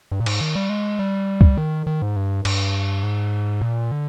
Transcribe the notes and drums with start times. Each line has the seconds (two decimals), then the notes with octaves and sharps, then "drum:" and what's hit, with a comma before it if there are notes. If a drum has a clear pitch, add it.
0.12 G2
0.20 A#2
0.26 G#2, drum: cymbal
0.41 D#3
0.55 G3
0.69 G#3
0.99 G3
1.41 drum: kick C#2
1.57 D#3
1.87 D#3
2.02 G#2
2.16 G2
2.45 G2, drum: cymbal
3.03 G#2
3.61 A#2
3.91 D3